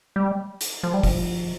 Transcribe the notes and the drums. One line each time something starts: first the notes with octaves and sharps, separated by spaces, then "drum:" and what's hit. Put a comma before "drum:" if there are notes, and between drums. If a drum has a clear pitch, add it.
G3
drum: hi-hat
F3
G3
F3, drum: kick F#1, open hi-hat